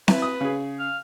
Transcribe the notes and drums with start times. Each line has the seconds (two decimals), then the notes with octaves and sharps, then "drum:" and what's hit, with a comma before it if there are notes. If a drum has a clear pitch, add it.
0.08 E4 B4, drum: snare C4
0.22 D#6
0.41 C#3 G#4
0.79 F5